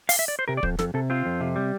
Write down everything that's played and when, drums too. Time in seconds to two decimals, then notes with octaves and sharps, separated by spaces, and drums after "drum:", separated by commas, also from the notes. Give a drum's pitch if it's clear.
0.09 F5, drum: open hi-hat
0.19 E5
0.28 D5
0.39 C5
0.48 C3 A#4
0.57 D5
0.63 F2 C5, drum: kick
0.79 F2 A4, drum: snare
0.94 C3 A4
1.10 C4 F4
1.26 F2
1.41 C3
1.56 G3